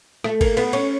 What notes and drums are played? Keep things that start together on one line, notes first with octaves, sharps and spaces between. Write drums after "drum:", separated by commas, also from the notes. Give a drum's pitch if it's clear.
A3, drum: rim click
A#3, drum: kick G#1, cymbal
B3, drum: cymbal
C#4, drum: cymbal